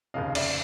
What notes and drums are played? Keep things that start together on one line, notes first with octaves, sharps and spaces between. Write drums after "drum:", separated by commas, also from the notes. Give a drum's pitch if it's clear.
F1 D#2 C#3 D#5 F5
D5 E5, drum: cymbal